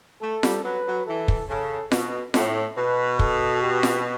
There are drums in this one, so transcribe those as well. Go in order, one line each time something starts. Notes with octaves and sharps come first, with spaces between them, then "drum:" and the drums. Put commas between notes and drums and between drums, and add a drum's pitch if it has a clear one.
A3 A4
G3, drum: snare F4
F#3 B4
F#3
E3 A4
drum: kick
C#3 A4
B2, drum: snare F4
A2 A4, drum: snare F4
B2 B4
A4, drum: kick
G4
drum: snare F4